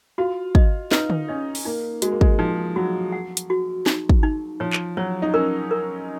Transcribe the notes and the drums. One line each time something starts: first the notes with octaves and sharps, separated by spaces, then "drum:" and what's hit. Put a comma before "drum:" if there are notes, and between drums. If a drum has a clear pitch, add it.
F4 F#4
D#5, drum: kick
D#4 B4, drum: snare
drum: tom D3
C#4 D#5
drum: open hi-hat
A#3 D#4
G#3 F#4, drum: hi-hat
A#3
G#3, drum: kick
F3 D#4
F#3 F#4
F#5
drum: hi-hat
F#4
D#4, drum: snare
drum: kick
D#4
F3 C#5
drum: clap
F#3 C#5
D#4
C#4 A#4
A#4